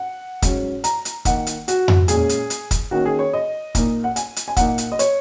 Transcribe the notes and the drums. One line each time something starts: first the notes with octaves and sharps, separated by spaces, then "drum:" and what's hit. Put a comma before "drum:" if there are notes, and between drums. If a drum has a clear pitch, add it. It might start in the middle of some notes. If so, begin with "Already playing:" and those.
Already playing: F#5
G#2 F#3 C#4, drum: kick, hi-hat
A#5, drum: hi-hat
drum: hi-hat
D#3 A#3 D#4 F#5, drum: kick, hi-hat
drum: hi-hat
F#4, drum: hi-hat
drum: tom F2
A#2 G#3 C#4 G#4, drum: hi-hat
drum: hi-hat
drum: hi-hat
drum: kick, hi-hat
D#3 A#3 C#4 F#4
G#4
C#5
D#5
A#2 A#3 D#4, drum: kick, hi-hat
F#5
G#5, drum: hi-hat
drum: hi-hat
G#5
A#2 A#3 D#4 F#5, drum: kick, hi-hat
drum: hi-hat
D#5
C#5, drum: hi-hat